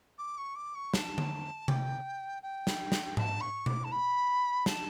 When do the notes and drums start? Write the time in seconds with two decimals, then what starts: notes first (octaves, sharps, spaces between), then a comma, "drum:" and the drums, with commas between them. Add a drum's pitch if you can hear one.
0.18 D6
0.38 C#6
0.55 D6
0.75 C#6
0.94 A5, drum: snare
1.18 drum: tom D3
1.68 G5, drum: tom C3
2.43 G5
2.67 drum: snare
2.92 drum: snare
3.17 A5, drum: tom G#2
3.41 C#6
3.66 D6, drum: tom B2
3.84 A5
3.92 B5
4.66 A5, drum: snare